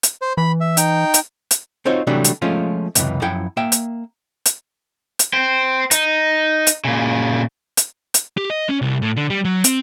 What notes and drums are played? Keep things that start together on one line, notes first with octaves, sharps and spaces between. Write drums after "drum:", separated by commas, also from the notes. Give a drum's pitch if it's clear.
drum: hi-hat
C5
E3 B5
E5
D#4 G5, drum: hi-hat
drum: hi-hat
drum: hi-hat
C4 D#4 F4 F#4 C5 C#5
C3 E3 F#3 G3 A3 D4
drum: hi-hat
F3 G#3 A3 C#4 F4
C#2 F#2 C3 E3, drum: hi-hat
F#2 F3 E4 F#5 G5
A#3 E5 G5
drum: hi-hat
drum: hi-hat
drum: hi-hat
C5 G5
D#4, drum: hi-hat
drum: hi-hat
A#2 C#3
drum: hi-hat
drum: hi-hat
G4
D#5
C#4
C2
A2
D3
G3
F#3
C4, drum: hi-hat